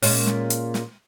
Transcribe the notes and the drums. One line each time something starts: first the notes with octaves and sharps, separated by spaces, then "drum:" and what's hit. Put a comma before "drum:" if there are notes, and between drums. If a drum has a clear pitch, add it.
A#2 G#3 C#4, drum: open hi-hat
drum: snare
drum: hi-hat
drum: snare